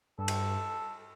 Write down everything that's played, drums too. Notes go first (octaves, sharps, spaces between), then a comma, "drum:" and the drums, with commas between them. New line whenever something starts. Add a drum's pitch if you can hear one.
G2 A4
drum: cymbal